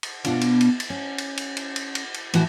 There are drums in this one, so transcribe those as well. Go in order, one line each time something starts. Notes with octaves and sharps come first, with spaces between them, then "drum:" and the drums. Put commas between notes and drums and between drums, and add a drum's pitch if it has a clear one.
drum: cymbal
B2 B3 D4 F4 F#5, drum: cymbal
drum: cymbal
drum: cymbal
drum: cymbal
C#4
drum: cymbal
drum: cymbal
drum: cymbal
drum: cymbal
drum: cymbal
drum: cymbal
A2 E3 E4 F#4 A5, drum: cymbal